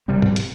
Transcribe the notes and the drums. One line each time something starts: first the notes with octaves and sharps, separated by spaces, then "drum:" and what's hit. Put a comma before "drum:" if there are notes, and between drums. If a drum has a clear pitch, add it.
C3 G3 C4
drum: tom G#2
drum: hi-hat